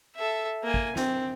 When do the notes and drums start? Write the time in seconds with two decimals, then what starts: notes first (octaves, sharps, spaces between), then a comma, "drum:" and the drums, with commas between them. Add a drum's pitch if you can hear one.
0.16 A4 E5
0.63 A#3 G#5
0.74 drum: kick
0.96 C4, drum: snare